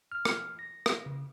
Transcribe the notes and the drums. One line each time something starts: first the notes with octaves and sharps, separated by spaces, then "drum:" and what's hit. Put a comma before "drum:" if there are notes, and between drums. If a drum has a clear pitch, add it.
F6
drum: rim click
A#6
drum: rim click
C#3